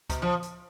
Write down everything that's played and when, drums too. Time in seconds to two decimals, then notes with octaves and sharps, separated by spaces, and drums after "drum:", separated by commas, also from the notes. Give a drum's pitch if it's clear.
0.10 B2, drum: kick C#2, hi-hat
0.22 F3
0.43 drum: hi-hat